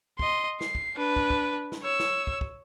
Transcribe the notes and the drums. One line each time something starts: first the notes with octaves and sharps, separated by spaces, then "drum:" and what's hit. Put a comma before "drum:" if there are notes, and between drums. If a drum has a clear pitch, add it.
D#5 C6, drum: kick
C7, drum: snare
drum: kick
D4 B4
drum: kick
drum: kick
drum: snare
C#5 E6
drum: snare
drum: kick
drum: kick